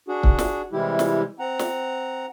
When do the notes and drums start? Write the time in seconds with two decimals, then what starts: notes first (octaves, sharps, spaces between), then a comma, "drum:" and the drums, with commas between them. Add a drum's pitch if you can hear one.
0.08 D4 F#4 G#4
0.23 drum: kick C#1
0.39 drum: snare
0.73 C3 E3 G3 G#3 E4 G4
0.99 drum: snare
1.39 C4 F#5 A#5
1.59 drum: snare